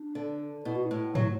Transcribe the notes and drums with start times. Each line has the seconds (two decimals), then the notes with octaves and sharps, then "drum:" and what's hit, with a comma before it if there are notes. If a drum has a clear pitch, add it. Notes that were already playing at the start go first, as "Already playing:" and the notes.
Already playing: D4
0.15 D3
0.65 B2 E4
0.75 F#4
0.84 E4
0.91 A2
1.15 F#3 A3, drum: tom G#2